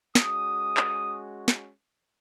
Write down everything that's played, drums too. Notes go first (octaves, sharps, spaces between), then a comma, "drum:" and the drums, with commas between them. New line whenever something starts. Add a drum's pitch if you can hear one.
G#3 C#4 F#4 D#6, drum: snare
drum: clap
drum: snare